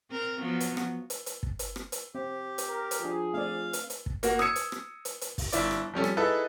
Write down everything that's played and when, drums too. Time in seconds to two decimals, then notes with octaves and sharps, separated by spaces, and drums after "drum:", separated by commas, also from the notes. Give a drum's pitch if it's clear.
0.11 C4 A#4
0.40 F3 F#3 B3
0.60 drum: hi-hat
0.77 drum: rim click
1.10 drum: hi-hat
1.26 drum: hi-hat
1.43 drum: kick
1.59 drum: hi-hat
1.76 drum: rim click
1.92 drum: hi-hat
2.15 C4 G4
2.58 drum: hi-hat
2.68 A#4
2.91 drum: hi-hat
3.00 F3 D4 F4 G#4 A#5
3.34 A3 C4 D5 F5
3.73 drum: hi-hat
3.90 drum: hi-hat
4.06 drum: kick
4.23 A#3 F#4, drum: hi-hat
4.39 D#6 E6 G#6 C#7 E7, drum: rim click
4.56 drum: hi-hat
4.72 drum: rim click
5.05 drum: hi-hat
5.21 drum: hi-hat
5.38 drum: kick, open hi-hat
5.52 G1 E4 D5, drum: hi-hat
5.71 drum: rim click
5.94 F3 G3 C#4 A4
6.04 drum: rim click
6.17 D#4 E4 G#4 A4 B4